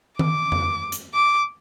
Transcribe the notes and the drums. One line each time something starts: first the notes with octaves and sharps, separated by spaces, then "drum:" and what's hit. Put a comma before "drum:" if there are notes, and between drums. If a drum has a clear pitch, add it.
D6, drum: tom D#3
drum: tom F2
drum: hi-hat
D6